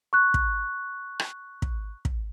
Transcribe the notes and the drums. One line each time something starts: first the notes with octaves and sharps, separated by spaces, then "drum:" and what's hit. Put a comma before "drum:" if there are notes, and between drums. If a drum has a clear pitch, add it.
C#6 F#6
drum: kick
drum: rim click
drum: kick
drum: kick